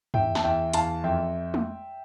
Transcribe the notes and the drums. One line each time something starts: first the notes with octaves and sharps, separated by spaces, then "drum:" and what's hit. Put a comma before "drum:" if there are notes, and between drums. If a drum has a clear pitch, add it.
E2 E5 G5, drum: tom F#2
A5, drum: snare
E2 E5 G5
E2 F5 A5, drum: hi-hat
F2 E5 G5
drum: tom